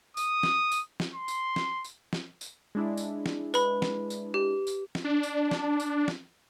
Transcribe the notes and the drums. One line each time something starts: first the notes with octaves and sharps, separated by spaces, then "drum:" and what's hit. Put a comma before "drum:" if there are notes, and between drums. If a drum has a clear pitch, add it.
D#6, drum: tambourine
drum: snare
drum: tambourine
drum: snare
C6
drum: tambourine
drum: snare
drum: tambourine
drum: snare
drum: tambourine
G#3 D4 E4
drum: tambourine
drum: snare
B4 B5, drum: tambourine
drum: snare
drum: tambourine
G4
drum: tambourine
drum: snare
D4
drum: tambourine
drum: snare
drum: tambourine
drum: snare